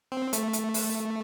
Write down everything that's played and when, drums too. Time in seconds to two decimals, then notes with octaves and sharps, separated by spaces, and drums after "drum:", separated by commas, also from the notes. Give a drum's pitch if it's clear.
0.12 C4
0.33 A3, drum: hi-hat
0.53 drum: hi-hat
0.74 drum: open hi-hat